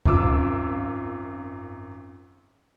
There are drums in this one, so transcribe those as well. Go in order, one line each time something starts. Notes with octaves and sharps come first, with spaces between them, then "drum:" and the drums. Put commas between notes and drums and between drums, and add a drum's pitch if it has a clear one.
G#1 F#2 F4 D6 E6, drum: kick C#2